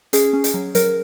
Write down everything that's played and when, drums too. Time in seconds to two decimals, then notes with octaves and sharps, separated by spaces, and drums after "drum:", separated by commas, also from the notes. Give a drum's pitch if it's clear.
0.13 C#4 G#4, drum: hi-hat
0.33 C#4
0.44 drum: hi-hat
0.54 F#3
0.75 F#3 A#4, drum: hi-hat